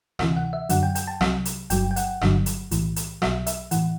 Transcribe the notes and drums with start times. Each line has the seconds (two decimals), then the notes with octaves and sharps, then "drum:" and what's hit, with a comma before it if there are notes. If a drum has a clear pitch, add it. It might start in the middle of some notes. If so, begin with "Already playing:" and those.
0.19 D2 C3 E3, drum: rim click
0.36 F#5
0.53 E5
0.69 F#2 D3 F#3 F#5, drum: hi-hat
0.83 G5
0.95 G5, drum: hi-hat
1.07 A5
1.21 C2 C3 F#3, drum: rim click
1.45 drum: hi-hat
1.70 G1 G2 F#3 G5, drum: hi-hat
1.91 G5
1.96 F#5, drum: hi-hat
2.21 G1 G2 D3 F#3, drum: rim click
2.46 drum: hi-hat
2.71 B1 A2 E3, drum: hi-hat
2.96 drum: hi-hat
3.22 B1 B2 F#3 E5, drum: rim click
3.47 E5, drum: hi-hat
3.71 A2 E3 F#5, drum: hi-hat